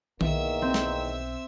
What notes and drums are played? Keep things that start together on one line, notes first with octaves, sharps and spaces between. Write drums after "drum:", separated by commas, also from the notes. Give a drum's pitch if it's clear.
B1 E2 D#3 A#3 E5 E6, drum: tom D#3
C4
drum: snare